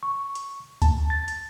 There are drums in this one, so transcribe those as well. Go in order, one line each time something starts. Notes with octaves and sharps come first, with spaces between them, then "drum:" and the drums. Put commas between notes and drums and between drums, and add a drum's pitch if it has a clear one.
C#6
drum: hi-hat
A5, drum: kick D2, hi-hat
A6
drum: hi-hat